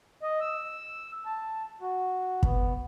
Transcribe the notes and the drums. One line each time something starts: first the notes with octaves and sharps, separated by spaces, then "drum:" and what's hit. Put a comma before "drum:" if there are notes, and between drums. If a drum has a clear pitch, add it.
D#5
E6
A5
F#4
B3, drum: kick